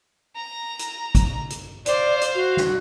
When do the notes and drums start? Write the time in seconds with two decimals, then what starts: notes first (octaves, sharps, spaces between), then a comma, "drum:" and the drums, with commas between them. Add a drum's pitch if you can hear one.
0.36 A#5
0.79 drum: hi-hat
1.15 drum: kick, hi-hat
1.50 drum: hi-hat
1.86 C5 D5 F5, drum: hi-hat
2.21 drum: hi-hat
2.35 F#4
2.57 drum: snare